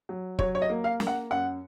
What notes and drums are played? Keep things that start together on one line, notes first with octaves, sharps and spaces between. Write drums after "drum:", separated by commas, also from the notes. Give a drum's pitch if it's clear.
F#3
F#3 C#5, drum: kick
C#5
D#5
A#3
F5
A#3, drum: snare
F#5
F#2 F#5